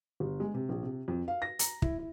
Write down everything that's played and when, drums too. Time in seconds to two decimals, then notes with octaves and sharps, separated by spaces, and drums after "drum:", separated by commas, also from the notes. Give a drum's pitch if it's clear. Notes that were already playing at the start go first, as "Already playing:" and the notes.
0.20 G1
0.40 G#3
0.54 C3
0.69 A#1
0.83 C3
1.08 F2
1.28 F5
1.42 A#6
1.59 A#5, drum: hi-hat
1.82 E4, drum: kick
1.99 E4